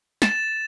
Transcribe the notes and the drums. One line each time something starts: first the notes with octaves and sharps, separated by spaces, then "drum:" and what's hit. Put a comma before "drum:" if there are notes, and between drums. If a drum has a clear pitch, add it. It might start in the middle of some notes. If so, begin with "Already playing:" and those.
A6 E7, drum: snare